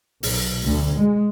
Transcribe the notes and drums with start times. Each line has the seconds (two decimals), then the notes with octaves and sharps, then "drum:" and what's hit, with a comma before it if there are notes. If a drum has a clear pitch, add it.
0.23 B1, drum: open hi-hat
0.62 D2
0.97 G#3